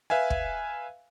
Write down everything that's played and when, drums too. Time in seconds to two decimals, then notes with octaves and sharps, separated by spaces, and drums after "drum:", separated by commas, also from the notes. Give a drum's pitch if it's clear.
0.10 B4 E5 F5 G#5
0.30 drum: kick